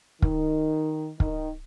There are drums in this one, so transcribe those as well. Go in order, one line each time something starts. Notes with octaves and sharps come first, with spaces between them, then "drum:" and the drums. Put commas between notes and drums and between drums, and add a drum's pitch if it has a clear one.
D#3, drum: kick
D#3, drum: kick